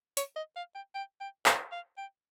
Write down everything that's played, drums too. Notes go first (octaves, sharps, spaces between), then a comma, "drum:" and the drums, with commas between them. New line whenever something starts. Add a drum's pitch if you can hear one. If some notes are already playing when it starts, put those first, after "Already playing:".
C#5, drum: hi-hat
D#5
F5
G5
G5
G5
F5, drum: clap
F5
G5